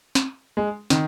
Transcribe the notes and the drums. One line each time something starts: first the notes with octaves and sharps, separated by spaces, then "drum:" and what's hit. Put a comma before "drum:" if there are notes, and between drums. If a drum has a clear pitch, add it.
drum: snare
G#3
D#3, drum: snare